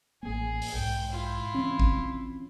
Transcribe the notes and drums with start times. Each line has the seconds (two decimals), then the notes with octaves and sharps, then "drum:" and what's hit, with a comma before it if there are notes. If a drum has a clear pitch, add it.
0.23 A1 A#3 G#4
0.62 drum: open hi-hat
0.74 B1 G#2 G5
1.12 E4 F4
1.54 E3 C4 C#4
1.80 drum: kick